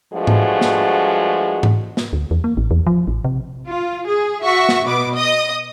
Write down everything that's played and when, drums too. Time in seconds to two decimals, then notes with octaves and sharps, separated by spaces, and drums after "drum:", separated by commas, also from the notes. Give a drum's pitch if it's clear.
0.14 G2 F3 G#3 A3 F#4
0.27 drum: tom G#2
0.61 drum: snare
1.63 drum: tom G#2
1.97 drum: snare
2.13 D2
2.31 E2
2.44 A#3
2.57 A1
2.71 E2
2.87 F3
3.07 A1
3.24 C3
3.68 F4
4.07 G#4
4.43 F#4 E5 C#6
4.69 drum: snare
4.86 B2 B4 D6
5.15 D#5 D#6